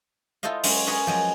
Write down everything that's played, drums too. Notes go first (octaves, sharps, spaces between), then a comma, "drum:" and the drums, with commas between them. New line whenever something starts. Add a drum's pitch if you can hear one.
E4 F4 A4 C5 D#5 F5
F#3 G#3 C#4 F4, drum: open hi-hat
G#4 A#4 B4 C#5 D#5 F5
F3 F#3 G#3